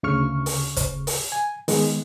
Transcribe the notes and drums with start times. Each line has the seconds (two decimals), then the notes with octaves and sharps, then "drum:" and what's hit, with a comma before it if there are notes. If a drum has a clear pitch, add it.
0.03 D2 C#3 C#6 F6
0.46 drum: open hi-hat
0.76 drum: kick, hi-hat
1.07 drum: open hi-hat
1.32 G#5
1.68 D#3 G#3 B3, drum: open hi-hat